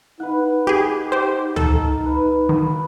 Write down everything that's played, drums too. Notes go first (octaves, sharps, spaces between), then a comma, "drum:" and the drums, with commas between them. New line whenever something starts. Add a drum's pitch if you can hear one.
D#4 B4 F#5
G4 G#4
G4 C5
A4 A#4, drum: tom C#2
B4
D#3 F#3 B5